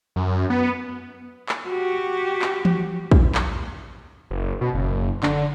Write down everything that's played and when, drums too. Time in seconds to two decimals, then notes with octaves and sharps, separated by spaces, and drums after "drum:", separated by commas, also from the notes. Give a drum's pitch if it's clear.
0.16 F#2
0.50 B3
1.49 drum: clap
1.68 F#4 G4
2.42 drum: clap
2.65 drum: tom E3
3.11 drum: kick
3.35 drum: clap
4.31 F#1
4.61 B2
4.74 F#1
5.23 D3, drum: clap